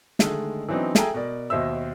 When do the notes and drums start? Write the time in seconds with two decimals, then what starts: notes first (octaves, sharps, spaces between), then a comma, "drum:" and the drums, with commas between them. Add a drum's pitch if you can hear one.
0.19 D3 D#3 G#3 A3 G#4 A4, drum: snare
0.69 E3 F#3 B3 C4 D4 D#4
0.95 G#4 A4 E5 G5 G#5 A#5, drum: snare
1.14 B2 A#4 D5
1.50 D#2 B2 C5 D#5 E5 E6